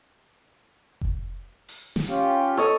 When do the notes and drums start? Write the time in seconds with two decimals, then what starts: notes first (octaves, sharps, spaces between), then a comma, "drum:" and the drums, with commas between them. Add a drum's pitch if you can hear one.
1.01 drum: kick F1
1.68 drum: open hi-hat
1.96 drum: snare
2.07 C#4 F4 G4
2.57 A4 C#5 D#5, drum: hi-hat